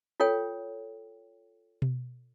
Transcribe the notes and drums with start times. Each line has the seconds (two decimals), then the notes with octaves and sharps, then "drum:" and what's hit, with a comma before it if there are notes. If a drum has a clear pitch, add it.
0.20 F4 A4 C#5 G5
1.82 drum: tom B2